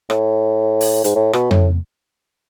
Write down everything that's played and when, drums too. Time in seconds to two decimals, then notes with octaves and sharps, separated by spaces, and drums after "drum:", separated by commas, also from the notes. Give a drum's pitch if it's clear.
0.10 A2, drum: rim click
0.81 drum: open hi-hat
1.04 G#2, drum: hi-hat
1.16 A2
1.33 B2, drum: rim click
1.51 A2, drum: tom F2